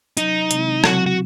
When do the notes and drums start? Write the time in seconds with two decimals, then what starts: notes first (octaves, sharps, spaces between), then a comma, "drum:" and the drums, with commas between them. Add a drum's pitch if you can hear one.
0.17 C3 F#3 C#4 D#4, drum: hi-hat
0.51 C3 D#3 G#3 C4 E4, drum: hi-hat
0.84 C#3 F#3 C4 E4 F#4, drum: rim click
1.06 F#4